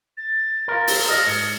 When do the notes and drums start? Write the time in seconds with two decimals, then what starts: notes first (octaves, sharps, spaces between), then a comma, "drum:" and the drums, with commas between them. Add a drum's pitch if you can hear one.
0.17 A6
0.68 F4 A#4
0.87 drum: open hi-hat
1.09 F4 D5 D#5 F6
1.26 G#2 C#7